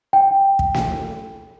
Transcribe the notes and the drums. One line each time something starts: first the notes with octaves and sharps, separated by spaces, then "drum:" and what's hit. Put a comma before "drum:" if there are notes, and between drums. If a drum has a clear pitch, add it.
G5
drum: kick
drum: snare